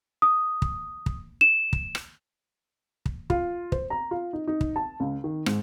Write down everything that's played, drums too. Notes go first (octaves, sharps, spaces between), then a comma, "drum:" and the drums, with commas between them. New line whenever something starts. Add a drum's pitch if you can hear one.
D#6
drum: kick
drum: kick
E7
drum: kick
drum: rim click
drum: kick
F4, drum: kick
C5, drum: kick
A#5
F4
D#4
D#4
drum: kick
A5
C#2
D#3
G#2, drum: rim click